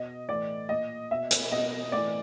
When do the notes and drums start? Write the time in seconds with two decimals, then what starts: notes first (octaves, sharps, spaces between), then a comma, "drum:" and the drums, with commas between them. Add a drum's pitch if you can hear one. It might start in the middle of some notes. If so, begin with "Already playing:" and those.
Already playing: B2 D#5
0.28 A2 E3 D5
0.69 A#2 D#5
1.11 B2 E5
1.31 drum: hi-hat
1.51 B2 D#5
1.92 A2 E3 D5